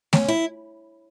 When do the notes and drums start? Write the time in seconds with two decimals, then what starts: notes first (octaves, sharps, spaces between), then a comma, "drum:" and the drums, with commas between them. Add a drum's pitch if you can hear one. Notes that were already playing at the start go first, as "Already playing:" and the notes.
0.13 C#4, drum: snare A3
0.28 E4